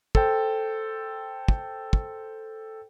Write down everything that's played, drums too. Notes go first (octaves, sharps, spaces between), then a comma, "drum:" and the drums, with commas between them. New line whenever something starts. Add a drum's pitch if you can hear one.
A4 C5 G5, drum: kick
drum: kick
drum: kick